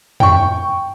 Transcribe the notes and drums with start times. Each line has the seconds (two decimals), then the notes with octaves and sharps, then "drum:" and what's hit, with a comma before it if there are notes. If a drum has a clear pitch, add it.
0.20 G5 C#6, drum: tom